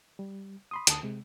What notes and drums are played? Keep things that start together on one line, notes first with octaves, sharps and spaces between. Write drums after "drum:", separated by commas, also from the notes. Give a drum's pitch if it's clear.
G3
B5 C6 D#6
D2 D3 A5 D#6, drum: hi-hat
C3 G#3